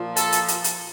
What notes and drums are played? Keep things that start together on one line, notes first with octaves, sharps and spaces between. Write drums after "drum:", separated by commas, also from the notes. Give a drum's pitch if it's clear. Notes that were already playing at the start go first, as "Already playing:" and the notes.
Already playing: A#2 F3
A4, drum: hi-hat
drum: hi-hat
drum: hi-hat
drum: hi-hat